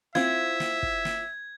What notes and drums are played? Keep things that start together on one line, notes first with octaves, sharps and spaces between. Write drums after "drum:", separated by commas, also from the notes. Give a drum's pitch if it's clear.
C4 E4 F4 E5 G#6, drum: snare
drum: snare
drum: kick
drum: snare